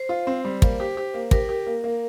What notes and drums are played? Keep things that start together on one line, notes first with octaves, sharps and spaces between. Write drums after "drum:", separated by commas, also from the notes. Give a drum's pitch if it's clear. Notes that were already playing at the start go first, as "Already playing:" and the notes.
Already playing: C5
F4
C4
G3
A#3, drum: kick
G4
G4
A#3
G4 A#4, drum: kick
G4
A#3
A#3